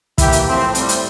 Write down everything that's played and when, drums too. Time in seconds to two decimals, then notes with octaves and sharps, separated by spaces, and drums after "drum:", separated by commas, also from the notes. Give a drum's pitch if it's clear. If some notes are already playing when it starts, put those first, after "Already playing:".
0.18 E3 A#3 E4 G4, drum: kick, hi-hat
0.32 drum: hi-hat
0.47 A2 F3 A3 C4
0.75 A2 G3 C4, drum: hi-hat
0.89 drum: hi-hat